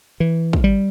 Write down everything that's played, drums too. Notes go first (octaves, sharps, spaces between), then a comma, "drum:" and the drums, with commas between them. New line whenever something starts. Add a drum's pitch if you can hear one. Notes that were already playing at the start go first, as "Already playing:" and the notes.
E3
drum: kick
G3